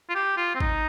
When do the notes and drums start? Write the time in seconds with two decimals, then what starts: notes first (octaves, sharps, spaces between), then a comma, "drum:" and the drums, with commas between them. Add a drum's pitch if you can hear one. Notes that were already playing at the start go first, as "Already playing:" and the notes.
0.10 F4
0.15 G4
0.37 F4
0.55 C4
0.60 D#4, drum: kick G#1